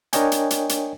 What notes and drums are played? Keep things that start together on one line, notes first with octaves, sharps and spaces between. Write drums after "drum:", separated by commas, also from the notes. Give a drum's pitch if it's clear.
D4 A#4 C#5 D#5 G5 G#5, drum: hi-hat
drum: hi-hat
drum: hi-hat
drum: hi-hat